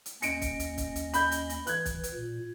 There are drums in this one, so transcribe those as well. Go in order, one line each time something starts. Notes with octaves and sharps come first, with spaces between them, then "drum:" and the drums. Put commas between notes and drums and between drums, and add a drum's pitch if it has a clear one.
drum: hi-hat
D#2 C#4 D#5 C#7 D7, drum: hi-hat
drum: kick, hi-hat
drum: hi-hat
drum: kick, hi-hat
drum: hi-hat
B5 G6, drum: hi-hat
drum: hi-hat
drum: hi-hat
E3 F#6 G#6, drum: hi-hat
drum: kick, hi-hat
drum: hi-hat
A#2